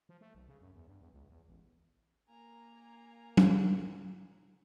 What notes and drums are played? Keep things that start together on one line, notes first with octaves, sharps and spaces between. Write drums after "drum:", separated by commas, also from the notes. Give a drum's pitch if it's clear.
F3
A3
B1
C#3
F#2
E2
G2
E2
C#2
E2
A1
A#3 G#5 A#5
drum: tom F#3